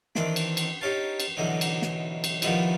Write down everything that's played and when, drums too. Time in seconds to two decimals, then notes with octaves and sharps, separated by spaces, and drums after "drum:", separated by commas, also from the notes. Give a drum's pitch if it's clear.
0.15 D#3 E3 C4 D4, drum: snare
0.36 drum: cymbal
0.57 drum: cymbal
0.81 D#4 G4 C#5 F5 A5
1.20 drum: cymbal
1.37 B1 B2 D3 E3 C#4 D#4
1.61 drum: cymbal
1.82 drum: snare
2.24 drum: cymbal
2.42 D#3 F3 G3 B3 D#4 E4, drum: cymbal